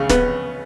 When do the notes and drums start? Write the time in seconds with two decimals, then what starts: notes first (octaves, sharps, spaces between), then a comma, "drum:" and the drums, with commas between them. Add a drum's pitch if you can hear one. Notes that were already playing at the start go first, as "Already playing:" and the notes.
Already playing: C#2 C#3
0.09 B3, drum: snare